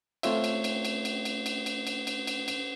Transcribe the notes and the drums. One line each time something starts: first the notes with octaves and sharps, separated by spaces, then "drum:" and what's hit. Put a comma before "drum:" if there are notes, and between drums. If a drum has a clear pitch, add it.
A3 C4 F4 C#5 E5, drum: cymbal
drum: cymbal
drum: cymbal
drum: cymbal
drum: cymbal
drum: cymbal
drum: cymbal
drum: cymbal
drum: cymbal
drum: cymbal
drum: cymbal
drum: cymbal